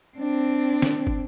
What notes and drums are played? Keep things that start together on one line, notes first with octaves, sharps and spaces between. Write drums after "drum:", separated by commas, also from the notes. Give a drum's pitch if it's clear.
C4 D4
drum: snare
drum: kick